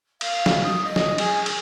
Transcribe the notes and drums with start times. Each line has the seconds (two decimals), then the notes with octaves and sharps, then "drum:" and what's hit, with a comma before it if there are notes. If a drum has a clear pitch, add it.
0.21 F5, drum: cymbal
0.46 drum: snare
0.63 D#6
0.84 D#5
0.96 drum: snare
1.18 G#4, drum: cymbal
1.46 drum: cymbal